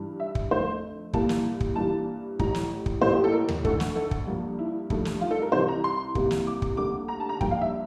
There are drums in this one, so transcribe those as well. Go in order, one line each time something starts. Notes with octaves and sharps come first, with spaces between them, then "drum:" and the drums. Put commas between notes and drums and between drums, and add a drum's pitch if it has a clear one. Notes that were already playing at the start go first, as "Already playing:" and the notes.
Already playing: G2 E3 G3
E5
drum: kick
F2 D3 A3 C5
C2 A#2 G3 A#3 A5, drum: kick
drum: snare
drum: kick
G2 E3 G3 A#3 A5
A1 A2 G3 A#5, drum: kick
drum: snare
drum: kick
A1 A2 G3 A#3 C5
G4
A4
A#4
drum: tom D#2
D2 D3 A3 A4, drum: kick
drum: snare
A4
drum: kick
G2 F3 A#3
E4
G2 F3 A3, drum: kick
drum: snare
F4
A4
A#4
C2 C3 E3 C5
A#5
C6
C2 C3 G3 A#3, drum: kick
drum: snare
D6
drum: kick
D2 D3 G3 A#3 D6
A#5
A5
A#5
G2 F3 A#3 G5, drum: kick
F5
E5